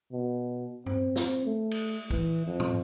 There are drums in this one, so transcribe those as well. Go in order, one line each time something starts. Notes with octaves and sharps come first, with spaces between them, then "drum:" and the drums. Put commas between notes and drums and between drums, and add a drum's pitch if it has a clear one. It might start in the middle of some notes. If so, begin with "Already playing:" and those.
B2
C4, drum: tom G2
drum: snare
A3
drum: cymbal
E3, drum: kick
F2
drum: tom G#2